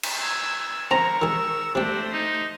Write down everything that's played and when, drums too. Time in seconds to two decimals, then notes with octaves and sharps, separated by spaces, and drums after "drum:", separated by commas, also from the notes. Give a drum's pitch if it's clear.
0.03 drum: cymbal
0.21 E6 G#6
0.91 C4 A#4 A#5 C#6
1.22 D#3 G#4 E6
1.75 C3 A3 D4 G4 C5
2.13 D#4